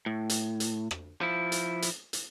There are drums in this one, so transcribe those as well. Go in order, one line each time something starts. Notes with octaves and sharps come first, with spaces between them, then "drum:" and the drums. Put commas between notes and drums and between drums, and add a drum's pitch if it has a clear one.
A2
drum: hi-hat
drum: hi-hat
drum: rim click
F3 E4
drum: hi-hat
drum: hi-hat
drum: hi-hat